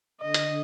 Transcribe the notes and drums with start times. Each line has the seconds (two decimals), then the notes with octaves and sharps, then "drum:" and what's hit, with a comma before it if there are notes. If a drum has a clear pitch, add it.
0.21 D3 D#5
0.34 drum: hi-hat